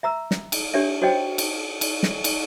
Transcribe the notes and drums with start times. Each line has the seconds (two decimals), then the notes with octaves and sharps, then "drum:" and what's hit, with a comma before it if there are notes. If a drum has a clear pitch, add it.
0.03 E5 A#5 E6
0.31 drum: snare
0.52 drum: cymbal
0.74 D4 G4 C#5 E5
1.02 F#4 C5 C#5 D#5 G5
1.38 drum: cymbal
1.81 drum: cymbal
2.03 drum: snare
2.24 drum: cymbal